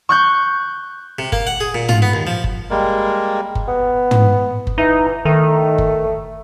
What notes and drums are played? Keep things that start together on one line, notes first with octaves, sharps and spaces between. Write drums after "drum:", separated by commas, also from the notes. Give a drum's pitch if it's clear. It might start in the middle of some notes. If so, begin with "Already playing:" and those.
C#6 F#6 G6
C3
A#3, drum: kick F#1
F#5
G#4
A#2
F4, drum: tom
B3
D#2
F3
drum: kick F#1
G3 G#3 A#3
drum: kick F#1
B3
drum: tom
drum: kick F#1
E3 D#4
D#3 A3
drum: kick F#1